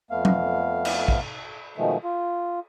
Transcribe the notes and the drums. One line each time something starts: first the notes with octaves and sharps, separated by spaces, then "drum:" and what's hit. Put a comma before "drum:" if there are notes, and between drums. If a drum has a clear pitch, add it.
F2 A3 B3 F5
drum: tom F#3
drum: cymbal
drum: kick
B2 D#3 F3 G#3 A3
F4